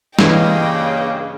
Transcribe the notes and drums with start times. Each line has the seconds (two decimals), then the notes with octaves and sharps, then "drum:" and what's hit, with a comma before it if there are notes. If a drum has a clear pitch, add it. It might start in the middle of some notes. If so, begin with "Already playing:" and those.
0.19 G2 C#3 E3 A#3 E4 D#5 F5 G5, drum: snare